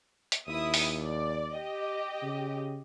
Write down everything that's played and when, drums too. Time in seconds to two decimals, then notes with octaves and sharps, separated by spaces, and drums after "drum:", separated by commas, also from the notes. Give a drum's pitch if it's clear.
0.32 drum: hi-hat
0.47 D#2 E4 E5 D#6
0.74 drum: open hi-hat
1.01 D5
1.56 G4 D#5
2.23 C#3